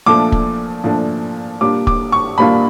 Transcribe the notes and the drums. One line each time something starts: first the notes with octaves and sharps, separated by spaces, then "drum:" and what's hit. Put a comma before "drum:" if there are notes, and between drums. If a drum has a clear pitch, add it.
A#2 F3 A3 D4 D6
drum: kick
A#2 F3 A3 D4
A#2 G3 A#3 D4 F4 D6
D6, drum: kick
C#6
A#2 G3 A#3 D4 F4 B5